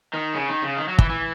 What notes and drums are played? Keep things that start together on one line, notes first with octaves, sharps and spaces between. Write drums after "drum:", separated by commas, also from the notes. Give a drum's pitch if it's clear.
D#3
C#3
D#3
C#3
D#3
F#3
E3, drum: kick
E3